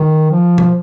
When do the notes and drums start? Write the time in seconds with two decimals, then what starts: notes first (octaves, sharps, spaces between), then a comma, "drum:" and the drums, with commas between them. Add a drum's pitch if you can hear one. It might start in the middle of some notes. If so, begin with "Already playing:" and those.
Already playing: D#3
0.31 F3
0.58 drum: tom B2